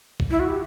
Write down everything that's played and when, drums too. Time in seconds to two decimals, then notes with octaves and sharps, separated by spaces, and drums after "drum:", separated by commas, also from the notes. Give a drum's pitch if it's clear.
0.20 drum: kick
0.30 E4
0.40 F#4
0.48 G4